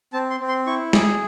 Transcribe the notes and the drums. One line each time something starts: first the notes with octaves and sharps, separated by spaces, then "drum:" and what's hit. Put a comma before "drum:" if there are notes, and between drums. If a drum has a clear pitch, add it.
C4 A5
C6
C4
C6
E4 C#6
G#4 D6, drum: snare